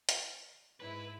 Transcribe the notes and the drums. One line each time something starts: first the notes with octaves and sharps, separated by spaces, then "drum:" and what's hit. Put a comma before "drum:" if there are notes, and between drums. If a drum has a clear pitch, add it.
drum: hi-hat
G#2 E4 B4